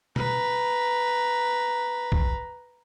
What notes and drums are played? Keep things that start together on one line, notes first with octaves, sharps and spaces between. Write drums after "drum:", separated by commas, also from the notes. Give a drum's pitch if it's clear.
B4 A#5, drum: tom B2
drum: kick